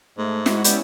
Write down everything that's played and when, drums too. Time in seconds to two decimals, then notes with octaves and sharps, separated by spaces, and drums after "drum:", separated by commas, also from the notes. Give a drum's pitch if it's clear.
0.18 G#2 A3
0.46 G#3 E4 F#4, drum: snare
0.64 G3 B3 C#4 E4, drum: hi-hat